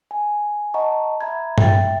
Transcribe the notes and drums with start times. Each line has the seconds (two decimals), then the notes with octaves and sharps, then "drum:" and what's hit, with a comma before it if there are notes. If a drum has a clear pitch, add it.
0.11 G#5
0.74 D#5 F#5 A5 A#5 C#6
1.21 E5 A#5 B5 G#6
1.58 E5 G5 A6, drum: tom G2